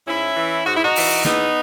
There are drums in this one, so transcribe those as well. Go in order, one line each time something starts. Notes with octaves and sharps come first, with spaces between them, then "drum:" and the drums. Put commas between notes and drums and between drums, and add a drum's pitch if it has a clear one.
G#2 C#4 E4
E3
G#2 F#4
E4
D#4 F#4
E3, drum: open hi-hat
E2 B3 D#4, drum: snare